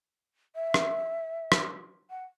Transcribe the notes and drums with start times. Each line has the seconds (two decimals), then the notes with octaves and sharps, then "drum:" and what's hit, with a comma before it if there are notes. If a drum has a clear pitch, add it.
0.55 E5
0.74 drum: rim click
1.52 drum: rim click
2.10 F#5